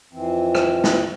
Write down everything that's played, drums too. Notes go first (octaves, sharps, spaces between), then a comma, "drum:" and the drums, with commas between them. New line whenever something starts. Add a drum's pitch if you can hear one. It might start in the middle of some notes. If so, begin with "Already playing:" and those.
F2 E3 C4
drum: rim click
drum: snare